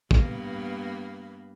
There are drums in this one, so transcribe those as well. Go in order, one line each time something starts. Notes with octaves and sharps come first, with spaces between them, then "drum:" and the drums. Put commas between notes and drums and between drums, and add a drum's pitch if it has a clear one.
G2 A#3 B3, drum: kick